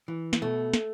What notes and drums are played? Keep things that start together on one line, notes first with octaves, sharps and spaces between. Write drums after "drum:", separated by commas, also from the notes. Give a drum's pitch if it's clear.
E3
drum: snare
B2 A3
drum: snare